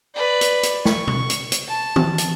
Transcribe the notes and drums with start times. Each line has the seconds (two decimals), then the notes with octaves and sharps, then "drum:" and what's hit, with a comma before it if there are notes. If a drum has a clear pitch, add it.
0.15 B4 D5
0.41 drum: hi-hat
0.63 drum: hi-hat
0.85 C#6, drum: snare
1.07 drum: tom B2
1.30 drum: hi-hat
1.52 drum: hi-hat
1.68 A5
1.96 drum: tom D#3
2.18 drum: hi-hat